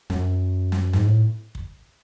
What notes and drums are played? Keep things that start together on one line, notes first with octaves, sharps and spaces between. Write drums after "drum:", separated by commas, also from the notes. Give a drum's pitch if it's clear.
F#2, drum: snare
drum: snare
G#2, drum: snare
A2
drum: kick